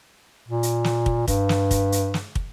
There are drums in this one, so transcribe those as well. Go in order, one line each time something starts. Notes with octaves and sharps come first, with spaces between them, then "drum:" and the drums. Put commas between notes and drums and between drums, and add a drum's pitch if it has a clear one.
A#2
drum: hi-hat
drum: snare
drum: kick
G2, drum: kick, hi-hat
drum: snare
drum: kick, hi-hat
drum: hi-hat
drum: snare
drum: kick